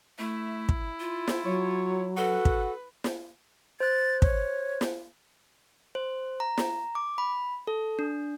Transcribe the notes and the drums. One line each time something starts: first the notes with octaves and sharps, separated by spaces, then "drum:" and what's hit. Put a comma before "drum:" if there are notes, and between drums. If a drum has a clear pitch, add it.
A3 E4
drum: kick
F4
drum: snare
F#3 C#5
F#4 A4 B4
drum: kick
drum: snare
C5 F#6 A6
C#5, drum: kick
drum: snare
C5
A#5
drum: snare
D6
B5
A4
D4